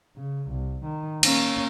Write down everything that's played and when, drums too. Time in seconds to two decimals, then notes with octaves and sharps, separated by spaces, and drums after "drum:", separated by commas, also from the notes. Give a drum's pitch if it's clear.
0.17 C#3
0.50 C2
0.85 D#3
1.23 A#3 C#4, drum: cymbal